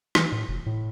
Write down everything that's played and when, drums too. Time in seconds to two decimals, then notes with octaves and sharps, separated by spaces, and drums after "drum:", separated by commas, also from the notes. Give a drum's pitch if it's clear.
0.15 E3, drum: rim click
0.32 A2
0.48 F1
0.66 A2